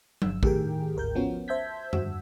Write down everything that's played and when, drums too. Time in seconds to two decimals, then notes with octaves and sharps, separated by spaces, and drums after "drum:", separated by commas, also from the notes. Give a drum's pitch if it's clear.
0.22 G1 E6, drum: tom F#3
0.43 A2 D#3 G4 G#4 A#4 G5, drum: kick
0.95 G#1 D2 A#4 G6
1.15 F3 B3 C#4 F#4
1.48 C5 E5 A5 G6 G#6 B6
1.93 G2 F#4 E6, drum: tom F2